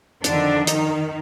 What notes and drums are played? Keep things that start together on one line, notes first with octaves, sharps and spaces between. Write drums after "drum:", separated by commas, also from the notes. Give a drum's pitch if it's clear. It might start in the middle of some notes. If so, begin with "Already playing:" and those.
F2 D3 D#3 D4, drum: hi-hat
D#3 D#4, drum: hi-hat